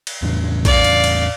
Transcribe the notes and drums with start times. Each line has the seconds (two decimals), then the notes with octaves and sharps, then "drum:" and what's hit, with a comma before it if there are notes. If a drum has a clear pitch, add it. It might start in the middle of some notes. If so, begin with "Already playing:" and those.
0.07 drum: cymbal
0.22 E2 A2 D4
0.65 D5 F5, drum: kick, cymbal
0.84 drum: cymbal
1.04 drum: cymbal